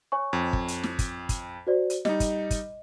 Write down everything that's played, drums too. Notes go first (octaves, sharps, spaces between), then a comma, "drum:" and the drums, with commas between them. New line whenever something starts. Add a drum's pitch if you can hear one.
C#5 G#5 C#6
F2
drum: kick
drum: hi-hat
drum: snare
drum: kick, hi-hat
drum: kick, hi-hat
F#4 C5 D5
drum: hi-hat
G3 D#4 D#5, drum: snare
drum: kick, hi-hat
drum: kick, hi-hat